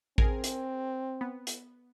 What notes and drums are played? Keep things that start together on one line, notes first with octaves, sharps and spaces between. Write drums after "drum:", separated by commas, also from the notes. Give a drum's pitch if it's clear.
C4 G#4 A#4 G#5, drum: kick A1
drum: hi-hat
B3
drum: hi-hat